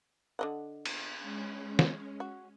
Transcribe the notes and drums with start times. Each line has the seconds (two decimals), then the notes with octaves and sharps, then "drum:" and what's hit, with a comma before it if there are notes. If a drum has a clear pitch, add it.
0.39 D3 D#5 F#5
0.85 drum: cymbal
1.18 G#3 C#4
1.79 drum: snare
2.20 F#4